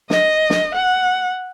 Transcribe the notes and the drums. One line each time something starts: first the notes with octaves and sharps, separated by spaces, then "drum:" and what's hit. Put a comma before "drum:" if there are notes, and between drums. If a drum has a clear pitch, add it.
D#5, drum: snare
drum: snare
F#5